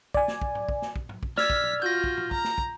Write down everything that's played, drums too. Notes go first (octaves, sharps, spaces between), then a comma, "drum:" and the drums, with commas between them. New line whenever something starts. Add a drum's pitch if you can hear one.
D5 G#5, drum: kick
drum: snare
drum: kick
drum: tom G#2
drum: kick
drum: snare
drum: kick
drum: tom G#2
drum: kick
D5 E6 F6 G#6 B6, drum: snare
drum: kick
drum: tom B2
F4 F#4 G6 A#6
drum: kick
drum: tom
A#5, drum: kick
drum: snare
drum: kick